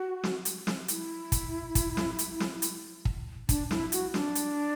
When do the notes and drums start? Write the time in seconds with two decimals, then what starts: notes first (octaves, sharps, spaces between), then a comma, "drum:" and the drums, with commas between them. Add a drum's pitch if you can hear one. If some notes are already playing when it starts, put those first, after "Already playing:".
Already playing: F#4
0.24 drum: snare
0.45 drum: hi-hat
0.67 drum: snare
0.88 E4, drum: hi-hat
1.32 drum: kick, hi-hat
1.75 drum: kick, hi-hat
1.97 drum: snare
2.19 drum: hi-hat
2.40 drum: snare
2.62 drum: hi-hat
3.05 drum: kick
3.49 D4, drum: kick, hi-hat
3.71 E4, drum: snare
3.92 F#4, drum: hi-hat
4.14 D4, drum: snare
4.35 drum: hi-hat